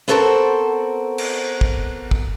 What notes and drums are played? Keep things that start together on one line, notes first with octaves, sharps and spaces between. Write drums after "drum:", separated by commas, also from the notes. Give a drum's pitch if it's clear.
B3 C4 F#4 A4 A#4 C5
drum: cymbal
drum: kick
drum: kick